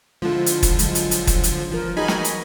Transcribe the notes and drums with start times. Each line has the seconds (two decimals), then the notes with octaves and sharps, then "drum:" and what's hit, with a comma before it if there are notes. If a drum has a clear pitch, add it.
0.22 D3 F3 G#3 E4 F4
0.46 drum: hi-hat
0.63 drum: kick, hi-hat
0.79 F#3 G#3, drum: hi-hat
0.95 drum: hi-hat
1.11 drum: hi-hat
1.27 drum: kick, hi-hat
1.44 drum: hi-hat
1.71 E3 F3 A#4
1.97 D#4 F#4 G#4 D#5 G#5 B5
2.08 drum: snare
2.24 drum: hi-hat